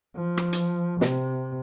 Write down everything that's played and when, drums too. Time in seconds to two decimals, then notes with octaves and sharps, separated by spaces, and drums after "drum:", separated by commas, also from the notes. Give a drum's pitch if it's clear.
0.15 F3
0.37 drum: rim click
0.53 drum: hi-hat
1.01 C3, drum: snare